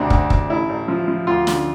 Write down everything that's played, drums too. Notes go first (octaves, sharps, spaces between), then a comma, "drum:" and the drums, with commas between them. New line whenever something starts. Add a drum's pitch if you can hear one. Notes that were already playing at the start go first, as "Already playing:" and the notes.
Already playing: D2 C3 D4
D2, drum: kick
D2, drum: kick
A1 E4
A1
F3
F3
D2 F4
D3, drum: snare